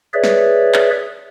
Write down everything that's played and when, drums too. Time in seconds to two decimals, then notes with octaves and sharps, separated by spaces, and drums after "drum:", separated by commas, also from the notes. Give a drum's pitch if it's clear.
0.14 G#4 B4 C#5 D5 E5
0.24 drum: snare
0.74 drum: clap